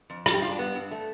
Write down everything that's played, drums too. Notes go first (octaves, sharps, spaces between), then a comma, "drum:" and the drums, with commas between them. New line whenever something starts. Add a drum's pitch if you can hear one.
F2
G3 F4, drum: rim click
G4
G2 F4
D4
G3 B3
G2
A3